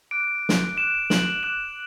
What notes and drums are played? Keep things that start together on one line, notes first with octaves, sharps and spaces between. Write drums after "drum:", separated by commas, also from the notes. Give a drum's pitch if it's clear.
D6 F#6 D7
drum: snare
D6 F#6 E7
F#7, drum: snare
D6 F#6 E7